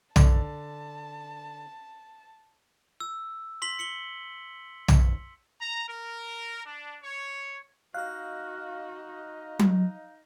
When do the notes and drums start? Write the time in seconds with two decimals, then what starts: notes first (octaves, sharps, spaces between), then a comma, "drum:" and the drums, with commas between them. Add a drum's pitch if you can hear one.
0.16 D3 A5, drum: tom
3.00 E6
3.62 C6 B6 F#7
3.79 C#7 F#7 G7
4.88 drum: tom
5.58 A#5
5.88 A#4
6.65 D4
7.02 C#5
7.94 D#4 F#4 D#5 F5 F6 F#6
9.59 drum: tom F#3